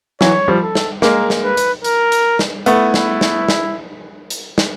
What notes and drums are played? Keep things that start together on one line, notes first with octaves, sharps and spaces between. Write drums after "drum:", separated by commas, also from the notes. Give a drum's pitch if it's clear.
E3 F#3 C#5, drum: snare
F3 G3
A4
drum: snare
G#3 A#3 A#4, drum: snare
drum: snare
B4
drum: hi-hat
A#4, drum: hi-hat
drum: hi-hat
drum: snare
A3 B3 E4, drum: hi-hat
drum: snare
drum: snare
drum: snare
drum: hi-hat
drum: snare